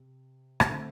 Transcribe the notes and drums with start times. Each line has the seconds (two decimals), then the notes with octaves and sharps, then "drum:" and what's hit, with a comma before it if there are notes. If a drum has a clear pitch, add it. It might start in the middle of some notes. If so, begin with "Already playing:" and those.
Already playing: C3
0.60 drum: rim click
0.69 D3 A3 C4